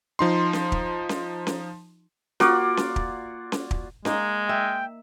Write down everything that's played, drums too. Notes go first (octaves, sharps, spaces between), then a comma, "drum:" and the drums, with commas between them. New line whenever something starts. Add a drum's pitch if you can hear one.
F3 D#4 C6
drum: snare C#4
drum: kick
drum: snare C#4
drum: snare C#4
A#3 F4 F#4 D5, drum: snare C#4
drum: snare C#4
drum: kick
drum: snare C#4
drum: kick
G#3 A#3 D#4, drum: snare C#4
E5 G5